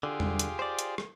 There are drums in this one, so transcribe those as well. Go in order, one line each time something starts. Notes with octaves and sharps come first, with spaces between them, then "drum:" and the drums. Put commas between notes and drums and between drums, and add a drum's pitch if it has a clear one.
D3 F4 G4 G#4
drum: tom E2
drum: hi-hat
C5 D5
drum: hi-hat
drum: rim click